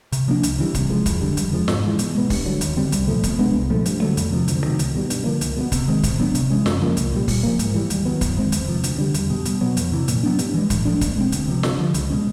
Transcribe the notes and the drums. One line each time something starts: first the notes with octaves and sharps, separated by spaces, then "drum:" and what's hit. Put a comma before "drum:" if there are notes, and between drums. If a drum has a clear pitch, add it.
C3, drum: hi-hat
F3 A#3 D4
C#2, drum: hi-hat
C#3 E3 G3
C3, drum: kick, hi-hat
F3 G#3
F2, drum: kick, hi-hat
D3 G3
F2, drum: hi-hat
C#3 F3 G#3
G#2, drum: snare
E3 G#3
B2, drum: hi-hat
G#3 B3
G2, drum: kick, open hi-hat
D3 F#3
D#2, drum: hi-hat
D3 G3 C4
C2, drum: hi-hat
A#2 F3 A3
B2, drum: kick, hi-hat
G#3 B3 D4
C2
A#2 F3 A3
G2, drum: hi-hat
D3 F#3 A3
F2, drum: hi-hat
C3 F3
D2, drum: hi-hat
C3 D#3 F#3
C#2, drum: hi-hat
B2 G3
G2, drum: hi-hat
D3 F3 A#3
C#2, drum: hi-hat
B2 G3 B3
C3, drum: kick, hi-hat
D#3 G#3 C4
A2, drum: kick, hi-hat
F#3 B3 D4
C3, drum: hi-hat
E3 G#3 C#4
F#2, drum: snare
C#3 F3 A#3
C2, drum: hi-hat
A#2 G3
A#2, drum: kick, open hi-hat
F3 A#3
G#2, drum: hi-hat
E3 G3
D#2, drum: hi-hat
D#3 F#3 B3
F#2, drum: kick, hi-hat
D#3 G#3 C4
E2, drum: hi-hat
C3 F3
D2, drum: hi-hat
D3 G3
E2, drum: hi-hat
B2 G3
B2, drum: hi-hat
F#3 B3
F2, drum: hi-hat
C3 E3
A#2, drum: hi-hat
F#3 B3 D4
G2, drum: hi-hat
E3 G#3
A2, drum: kick, hi-hat
F3 A3 D4
B2, drum: kick, hi-hat
G#3 C4
D2, drum: hi-hat
C3 F3
G2, drum: snare
D3 F3
C#2, drum: hi-hat
B2 G#3 C#4